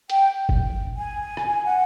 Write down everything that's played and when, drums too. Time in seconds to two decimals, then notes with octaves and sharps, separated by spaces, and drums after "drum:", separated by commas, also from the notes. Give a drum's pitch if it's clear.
0.10 G5, drum: hi-hat
0.49 drum: kick G1
0.96 G#5
1.37 drum: rim click
1.64 F#5